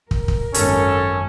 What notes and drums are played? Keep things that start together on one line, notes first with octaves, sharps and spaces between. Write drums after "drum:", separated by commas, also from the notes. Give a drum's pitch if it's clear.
A#4, drum: kick
drum: kick
G#1 F#2 C#4 A4, drum: hi-hat